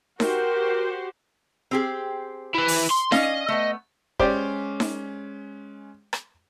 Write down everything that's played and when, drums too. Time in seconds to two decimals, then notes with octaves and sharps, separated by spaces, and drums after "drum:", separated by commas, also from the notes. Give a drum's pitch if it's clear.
0.20 F#4 G4 A#4 C5, drum: snare D#4
1.71 C4 G4 G#4
2.54 E4 B4
2.68 drum: open hi-hat
2.90 C6
3.12 C#4 D5 D#5 F5, drum: snare D#4
3.48 A3 B3
4.19 G#3 C#4 G4 C5 D5, drum: kick
4.80 drum: snare D#4
6.13 drum: rim click